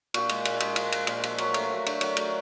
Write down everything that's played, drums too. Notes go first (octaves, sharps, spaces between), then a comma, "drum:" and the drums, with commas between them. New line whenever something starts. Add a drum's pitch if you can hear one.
A#2 F#4, drum: cymbal
G#3, drum: cymbal
A#2, drum: cymbal
G#3, drum: cymbal
F3, drum: cymbal
G#3, drum: cymbal
A#2, drum: cymbal
F3, drum: cymbal
F#3 F#4, drum: cymbal
A3, drum: cymbal
F#3
D3, drum: cymbal
F#3, drum: cymbal
A3, drum: cymbal